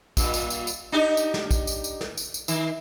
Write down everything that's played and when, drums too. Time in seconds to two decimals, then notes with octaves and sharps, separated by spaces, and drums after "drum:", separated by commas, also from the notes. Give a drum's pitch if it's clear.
0.17 G2 A#2, drum: kick, tambourine
0.34 drum: tambourine
0.50 drum: tambourine
0.67 drum: tambourine
0.92 D4 D#4 G4
1.17 drum: tambourine
1.34 drum: snare
1.51 drum: kick, tambourine
1.67 drum: tambourine
1.84 drum: tambourine
2.01 drum: snare
2.17 drum: tambourine
2.34 drum: tambourine
2.48 D#3, drum: tambourine